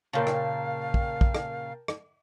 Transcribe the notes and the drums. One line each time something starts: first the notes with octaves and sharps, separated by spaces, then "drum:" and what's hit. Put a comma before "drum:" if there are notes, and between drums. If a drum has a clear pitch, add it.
A#2 C#3 A#4 F5 G5 A5
drum: rim click
drum: kick
drum: kick
drum: rim click
drum: rim click